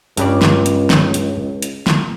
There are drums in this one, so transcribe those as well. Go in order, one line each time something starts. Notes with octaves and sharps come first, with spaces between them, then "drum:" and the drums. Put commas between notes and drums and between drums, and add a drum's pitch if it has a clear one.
C#2 G2 C#3 D5, drum: hi-hat
drum: snare
drum: hi-hat
drum: snare
drum: hi-hat
drum: hi-hat
drum: snare